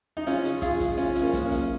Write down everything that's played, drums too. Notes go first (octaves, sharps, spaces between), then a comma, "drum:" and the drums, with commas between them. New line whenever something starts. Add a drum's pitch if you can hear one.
D#4
G#3 C#4 F4, drum: hi-hat
C#3, drum: hi-hat
G#3 F4 G#4, drum: kick, hi-hat
C#3, drum: kick, hi-hat
G#3 C#4 F4, drum: hi-hat
C#3, drum: hi-hat
A#3 C#4
G#3, drum: kick, hi-hat
A#3 C#4
C#3, drum: kick, hi-hat